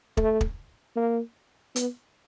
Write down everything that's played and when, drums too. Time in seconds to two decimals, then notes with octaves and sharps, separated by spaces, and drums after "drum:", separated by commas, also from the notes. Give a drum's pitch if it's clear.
0.17 A3, drum: kick
0.41 drum: kick
0.96 A#3
1.76 B3, drum: hi-hat